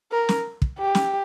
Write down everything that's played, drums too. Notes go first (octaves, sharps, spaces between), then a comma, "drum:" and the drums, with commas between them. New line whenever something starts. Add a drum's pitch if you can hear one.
A#4
drum: snare
drum: kick
G4
drum: snare